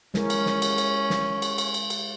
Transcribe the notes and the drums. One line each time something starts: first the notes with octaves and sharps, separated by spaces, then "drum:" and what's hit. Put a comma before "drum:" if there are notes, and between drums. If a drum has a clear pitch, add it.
G#3 C#4 E4 A#4, drum: snare
drum: cymbal
drum: snare
drum: cymbal
drum: cymbal
drum: snare
drum: cymbal
drum: cymbal
drum: cymbal
drum: cymbal